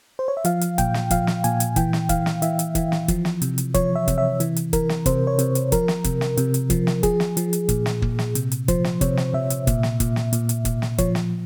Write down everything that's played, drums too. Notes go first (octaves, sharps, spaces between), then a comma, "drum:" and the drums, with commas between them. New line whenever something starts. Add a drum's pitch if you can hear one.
C5
C#5
E5
F3 F5, drum: hi-hat
drum: hi-hat
A#2 G5, drum: kick, hi-hat
drum: snare
F3 F5, drum: kick, hi-hat
drum: snare
A#2 G#5, drum: hi-hat
drum: hi-hat
E3 G5, drum: kick, hi-hat
drum: snare
E3 F5, drum: kick, hi-hat
drum: snare
E3 E5, drum: hi-hat
drum: hi-hat
E3, drum: kick, hi-hat
drum: snare
F3, drum: kick, hi-hat
drum: snare
C3, drum: hi-hat
drum: hi-hat
F3 C#5, drum: kick, hi-hat
E5
C3, drum: kick, hi-hat
E5
E3, drum: hi-hat
drum: hi-hat
E3 A#4, drum: kick, hi-hat
drum: snare
C3 C5, drum: kick, hi-hat
C#5
C3, drum: hi-hat
drum: hi-hat
F3 A#4, drum: kick, hi-hat
drum: snare
C3, drum: kick, hi-hat
drum: snare
C3, drum: hi-hat
drum: hi-hat
F3, drum: kick, hi-hat
drum: snare
F3 G#4, drum: kick, hi-hat
drum: snare
F3, drum: hi-hat
drum: hi-hat
A#2, drum: kick, hi-hat
drum: snare
A#2, drum: kick
drum: snare
C3, drum: hi-hat
drum: hi-hat
F3 C5, drum: kick, hi-hat
drum: snare
C3 C#5, drum: kick, hi-hat
drum: snare
C3 E5
drum: hi-hat
A#2, drum: kick, hi-hat
drum: snare
A#2, drum: kick, hi-hat
drum: snare
A#2, drum: hi-hat
drum: hi-hat
A#2, drum: kick, hi-hat
drum: snare
F3 C#5, drum: kick, hi-hat
drum: snare